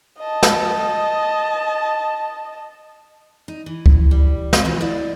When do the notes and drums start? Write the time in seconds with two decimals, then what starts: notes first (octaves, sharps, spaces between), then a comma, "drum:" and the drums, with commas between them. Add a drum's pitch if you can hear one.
0.19 D#5 A5
0.43 drum: snare
3.48 D#4
3.66 E3
3.86 drum: kick C#2
4.11 G3
4.53 C3, drum: snare
4.65 B2 E3 F4 B4 C5 G#5
4.81 E4 D5 D#5